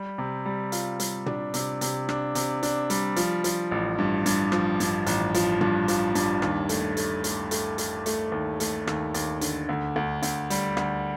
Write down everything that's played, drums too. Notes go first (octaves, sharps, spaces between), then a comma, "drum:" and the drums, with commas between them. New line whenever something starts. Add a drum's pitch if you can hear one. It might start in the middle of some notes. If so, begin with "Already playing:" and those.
Already playing: G3
C3
G3
F4, drum: hi-hat
G3, drum: hi-hat
D4, drum: tom
C3, drum: hi-hat
C3, drum: hi-hat
D4, drum: rim click
C3, drum: hi-hat
D4, drum: hi-hat
G3, drum: hi-hat
F3, drum: hi-hat
F3, drum: hi-hat
A1
G2
G2, drum: hi-hat
F3, drum: rim click
G2, drum: hi-hat
A1, drum: hi-hat
F3, drum: hi-hat
G2, drum: tom
F3, drum: hi-hat
G2, drum: hi-hat
D#2, drum: rim click
A3, drum: hi-hat
A3, drum: hi-hat
A3, drum: hi-hat
A3, drum: hi-hat
A3, drum: hi-hat
A3, drum: hi-hat
D#2
A3, drum: hi-hat
D#2, drum: rim click
D#2, drum: hi-hat
D3, drum: hi-hat
D2
D2
D2, drum: hi-hat
G3, drum: hi-hat
D2, drum: rim click